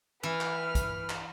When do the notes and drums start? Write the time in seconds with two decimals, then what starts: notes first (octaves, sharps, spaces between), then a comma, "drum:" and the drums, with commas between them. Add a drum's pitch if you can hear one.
0.23 E3 B4 F6
0.41 drum: clap
0.75 drum: kick, hi-hat
1.09 drum: clap